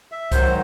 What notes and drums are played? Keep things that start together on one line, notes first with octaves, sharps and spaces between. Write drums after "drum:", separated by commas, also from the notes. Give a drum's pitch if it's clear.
E5
G#2 D#3 F#3 C5, drum: kick C2, hi-hat